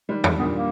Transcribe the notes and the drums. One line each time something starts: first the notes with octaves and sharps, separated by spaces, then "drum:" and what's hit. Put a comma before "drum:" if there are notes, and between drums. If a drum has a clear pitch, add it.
D#3 G3 G#3
G#3, drum: tom E2
G2 A#2 B3
A#3